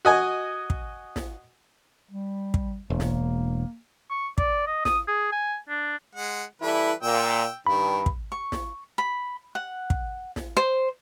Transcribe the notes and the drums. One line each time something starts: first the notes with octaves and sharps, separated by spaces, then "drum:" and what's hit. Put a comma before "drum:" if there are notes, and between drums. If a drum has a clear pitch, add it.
F#4 D#5 G#5
drum: kick
drum: snare
G3
drum: kick
E1 A#3
drum: snare
C#6
D5, drum: kick
D#5
D#6, drum: snare
G#4
G#5
D4
G#3 F#5
E3 G3 E4 A4 B4
A#2 G5 E6
G2 D#3 B5
drum: kick
C#6
drum: snare
B5
F#5
drum: kick
drum: snare
C5